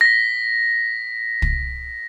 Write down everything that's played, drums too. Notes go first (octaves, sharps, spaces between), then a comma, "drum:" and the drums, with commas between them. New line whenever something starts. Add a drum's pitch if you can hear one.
A#6 B6
drum: kick